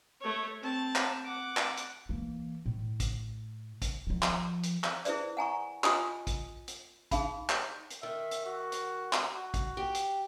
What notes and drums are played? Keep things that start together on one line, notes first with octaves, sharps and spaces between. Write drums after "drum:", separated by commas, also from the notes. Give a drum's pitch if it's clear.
A3 C#5
C4 A5
drum: clap
F#5 D6
drum: clap
drum: hi-hat
E3 A#3
A2
drum: kick, hi-hat
drum: kick, hi-hat
D#3 F3
drum: clap
drum: hi-hat
drum: clap
E4 G#4 B4 C5 D5, drum: hi-hat
F#5 G#5 A#5 C#6
F4 G4 D#5 G#5 D#6, drum: clap
drum: kick, hi-hat
drum: hi-hat
D#4 G#4 F5 B5, drum: kick, hi-hat
drum: clap
drum: hi-hat
D#3 E5
drum: hi-hat
F#4
drum: hi-hat
drum: clap
F#4
drum: kick, hi-hat
G4
drum: hi-hat